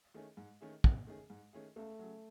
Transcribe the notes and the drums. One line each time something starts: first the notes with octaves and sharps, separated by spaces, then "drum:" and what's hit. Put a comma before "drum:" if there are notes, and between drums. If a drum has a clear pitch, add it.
D#3 A3 C#4 G#4
G#2
D#3 A3 C#4 G#4
G#2, drum: kick
D#3 A3 C#4 G#4
G#2
D#3 A3 C#4 G#4
C#2 A3
C#3 F#3